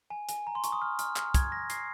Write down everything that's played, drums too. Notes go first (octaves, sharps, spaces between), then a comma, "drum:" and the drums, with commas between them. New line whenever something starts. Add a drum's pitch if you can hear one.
G#5
G#5, drum: hi-hat
A#5
C6
C#6, drum: hi-hat
D#6
F6
F6, drum: hi-hat
F6, drum: clap
G#6, drum: kick, hi-hat
A#6
C7, drum: hi-hat